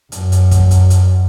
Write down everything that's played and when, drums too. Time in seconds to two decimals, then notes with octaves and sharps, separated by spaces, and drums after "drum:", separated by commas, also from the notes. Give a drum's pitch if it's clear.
0.12 F#2, drum: hi-hat
0.32 drum: hi-hat
0.51 drum: kick, hi-hat
0.71 drum: hi-hat
0.90 drum: hi-hat